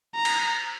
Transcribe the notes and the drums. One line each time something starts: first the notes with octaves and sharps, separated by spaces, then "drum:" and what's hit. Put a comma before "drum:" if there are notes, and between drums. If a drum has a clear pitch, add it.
A#5
drum: cymbal